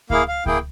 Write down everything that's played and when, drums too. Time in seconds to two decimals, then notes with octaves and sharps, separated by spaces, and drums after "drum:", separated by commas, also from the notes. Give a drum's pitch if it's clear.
0.10 A#3 E4 G#4 F5, drum: kick C#2
0.28 F5
0.46 A#3 E4 G#4 G5, drum: kick C#2